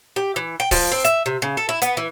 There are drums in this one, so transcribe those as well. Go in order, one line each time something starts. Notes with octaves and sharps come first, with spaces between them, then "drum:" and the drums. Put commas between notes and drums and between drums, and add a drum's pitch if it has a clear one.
G4
E3
G5
F3, drum: kick C#1, open hi-hat
C4
E5, drum: hi-hat
C3
C#3
A4
E4
B3, drum: hi-hat
E3